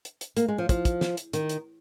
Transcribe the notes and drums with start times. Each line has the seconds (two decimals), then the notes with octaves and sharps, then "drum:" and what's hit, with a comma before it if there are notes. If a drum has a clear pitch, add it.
0.05 drum: hi-hat
0.21 drum: hi-hat
0.37 A#3, drum: hi-hat
0.48 G#3
0.58 F3
0.69 F3, drum: kick, hi-hat
0.85 drum: kick, hi-hat
1.01 drum: snare
1.17 drum: hi-hat
1.33 D#3, drum: hi-hat
1.49 drum: hi-hat